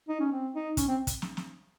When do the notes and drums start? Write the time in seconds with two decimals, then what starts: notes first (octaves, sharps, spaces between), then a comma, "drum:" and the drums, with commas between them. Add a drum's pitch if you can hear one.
0.09 D#4
0.20 C#4
0.32 C4
0.55 D#4
0.77 C#4, drum: kick, hi-hat
0.88 C4
1.07 drum: kick, hi-hat
1.22 drum: snare
1.37 drum: snare